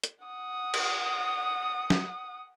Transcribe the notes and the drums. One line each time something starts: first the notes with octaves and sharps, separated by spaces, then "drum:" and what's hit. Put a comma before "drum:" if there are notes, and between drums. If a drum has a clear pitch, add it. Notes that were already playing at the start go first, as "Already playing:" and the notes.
drum: hi-hat
F#5 D#6
drum: cymbal
drum: snare